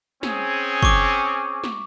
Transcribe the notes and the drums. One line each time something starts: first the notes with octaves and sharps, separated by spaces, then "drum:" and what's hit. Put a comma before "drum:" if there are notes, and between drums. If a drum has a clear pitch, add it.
C4 C#4 G#4, drum: snare
C#6 D6, drum: kick
drum: snare